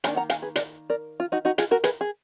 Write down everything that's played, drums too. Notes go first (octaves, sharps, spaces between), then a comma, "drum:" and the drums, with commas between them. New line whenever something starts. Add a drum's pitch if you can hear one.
D#3 A#3 D4 G#5 B5, drum: hi-hat
F#5 A#5
F5 G#5, drum: hi-hat
G#4 B4
A#4 D5, drum: hi-hat
A#4 D5
F4
D#4 F#4
D#4 F#4
F4 G#4, drum: hi-hat
F#4 A#4
G#4 B4, drum: hi-hat
G#4